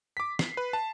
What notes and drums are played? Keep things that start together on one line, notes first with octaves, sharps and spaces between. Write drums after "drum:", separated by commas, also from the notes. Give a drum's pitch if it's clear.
D6 B6
C7, drum: snare
B4
A5